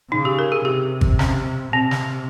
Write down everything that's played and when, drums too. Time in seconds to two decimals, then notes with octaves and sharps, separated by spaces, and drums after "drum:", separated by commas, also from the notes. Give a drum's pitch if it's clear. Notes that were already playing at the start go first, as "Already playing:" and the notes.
0.12 C#3 D#4
0.25 G4
0.39 A#4
0.52 G#4
0.65 C3 G4
1.01 drum: kick G#1
1.19 C#4, drum: snare
1.73 C3 C4
1.91 drum: snare